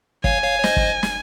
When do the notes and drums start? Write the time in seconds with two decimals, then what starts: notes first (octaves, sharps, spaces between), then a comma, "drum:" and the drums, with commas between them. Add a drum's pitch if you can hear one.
0.24 C#5 F5 G#5, drum: kick
0.43 C#5 F5
0.59 C#5
0.64 C5 D#5, drum: snare
0.77 drum: kick
1.03 drum: snare